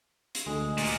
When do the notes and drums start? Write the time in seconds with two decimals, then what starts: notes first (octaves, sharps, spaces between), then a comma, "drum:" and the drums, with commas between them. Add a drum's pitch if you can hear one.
0.35 drum: hi-hat
0.46 D2 G#3
0.78 A#2, drum: open hi-hat